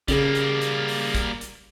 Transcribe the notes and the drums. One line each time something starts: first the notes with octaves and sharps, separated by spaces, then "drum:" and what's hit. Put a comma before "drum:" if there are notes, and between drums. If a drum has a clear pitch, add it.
C#3 G3 A#3 G#4, drum: kick, hi-hat
drum: hi-hat
drum: hi-hat
drum: open hi-hat
drum: kick, hi-hat
drum: hi-hat